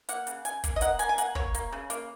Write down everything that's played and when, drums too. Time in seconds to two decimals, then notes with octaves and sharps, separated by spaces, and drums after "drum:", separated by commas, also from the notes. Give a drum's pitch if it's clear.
0.09 A#3 F#5, drum: hi-hat
0.27 C#3, drum: hi-hat
0.45 C#3 G#5, drum: hi-hat
0.64 A#3, drum: kick, hi-hat
0.76 D#5
0.81 A#3 F#5, drum: hi-hat
0.99 A#3 G#5, drum: hi-hat
1.09 G#5
1.18 A#3 F#5, drum: hi-hat
1.35 A#3 C#5, drum: kick
1.55 A#3, drum: hi-hat
1.72 C#3
1.90 A#3, drum: hi-hat